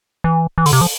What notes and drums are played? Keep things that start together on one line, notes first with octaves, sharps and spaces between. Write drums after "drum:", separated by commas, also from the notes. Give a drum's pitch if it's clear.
E3
E3
D3, drum: open hi-hat
C3
F3